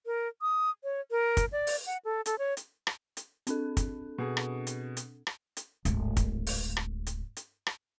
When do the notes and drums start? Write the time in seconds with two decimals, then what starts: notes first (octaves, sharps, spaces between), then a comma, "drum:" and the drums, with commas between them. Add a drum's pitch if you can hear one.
0.06 A#4
0.42 D#6
0.84 C#5
1.11 A#4
1.37 drum: kick, hi-hat
1.52 D5
1.67 drum: open hi-hat
1.86 F#5
2.05 A4
2.26 A4, drum: hi-hat
2.39 C#5
2.57 drum: hi-hat
2.87 drum: rim click
3.17 drum: hi-hat
3.47 C4 D4 A4, drum: hi-hat
3.77 drum: kick, hi-hat
4.18 B2 G#4
4.37 drum: rim click
4.67 drum: hi-hat
4.97 drum: hi-hat
5.27 drum: rim click
5.57 drum: hi-hat
5.85 D1 G#1, drum: hi-hat
6.17 drum: kick, hi-hat
6.47 drum: open hi-hat
6.77 drum: rim click
7.07 drum: hi-hat
7.37 drum: hi-hat
7.67 drum: rim click